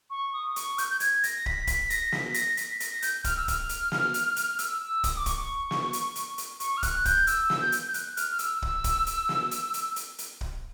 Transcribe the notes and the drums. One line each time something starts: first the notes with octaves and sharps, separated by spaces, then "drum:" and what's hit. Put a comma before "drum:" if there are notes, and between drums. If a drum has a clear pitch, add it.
C#6
D#6
C#6, drum: hi-hat
G6, drum: hi-hat
G6
G#6, drum: hi-hat
A#6, drum: hi-hat
B6, drum: kick
B6, drum: kick, hi-hat
A#6, drum: hi-hat
B6, drum: snare
A#6, drum: hi-hat
B6, drum: hi-hat
A#6, drum: hi-hat
G6, drum: hi-hat
F6, drum: kick, hi-hat
E6
F6, drum: kick, hi-hat
drum: hi-hat
drum: snare
drum: hi-hat
drum: hi-hat
E6, drum: hi-hat
E6
D#6, drum: kick, hi-hat
D6
C#6, drum: kick, hi-hat
drum: snare
drum: hi-hat
drum: hi-hat
drum: hi-hat
C#6, drum: hi-hat
F6
F#6, drum: kick, hi-hat
G6, drum: kick, hi-hat
E6, drum: hi-hat
drum: snare
G6
drum: hi-hat
G6
F#6, drum: hi-hat
F6, drum: hi-hat
F6
E6, drum: hi-hat
E6, drum: kick
drum: kick, hi-hat
drum: hi-hat
drum: snare
drum: hi-hat
drum: hi-hat
drum: hi-hat
drum: hi-hat
drum: kick